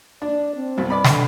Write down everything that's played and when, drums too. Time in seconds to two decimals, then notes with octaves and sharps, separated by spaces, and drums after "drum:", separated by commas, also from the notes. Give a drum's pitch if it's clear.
0.22 D4 D5
0.56 C4
0.77 C2 G2 B2
0.90 B4 D5 B5
1.04 D3, drum: snare